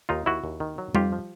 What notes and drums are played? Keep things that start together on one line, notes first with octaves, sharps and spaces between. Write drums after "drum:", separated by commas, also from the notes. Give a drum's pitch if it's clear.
D#2 D#4 F4
D#2 E4 F#4
D#2
D#3
F#3
F2 F4 G4, drum: tom G3
F3